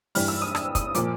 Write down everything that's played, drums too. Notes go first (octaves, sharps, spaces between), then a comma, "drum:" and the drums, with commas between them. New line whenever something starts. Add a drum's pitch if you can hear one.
G2 E3 G3 F6, drum: open hi-hat
E6
D#6
E6, drum: rim click
D#6, drum: kick, hi-hat
A#2 F3 D6, drum: hi-hat